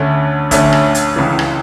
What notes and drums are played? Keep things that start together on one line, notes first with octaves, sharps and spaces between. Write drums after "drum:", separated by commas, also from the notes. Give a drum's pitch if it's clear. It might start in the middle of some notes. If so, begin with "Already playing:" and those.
Already playing: D2 D3 A3 C#4
D2 D3 A3 C#4, drum: kick, hi-hat
drum: rim click
drum: hi-hat
C#2 C#3 E3
drum: rim click